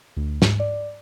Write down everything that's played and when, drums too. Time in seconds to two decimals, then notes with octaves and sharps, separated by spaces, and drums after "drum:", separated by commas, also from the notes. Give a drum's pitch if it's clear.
0.17 D2
0.42 G#2, drum: snare
0.60 D5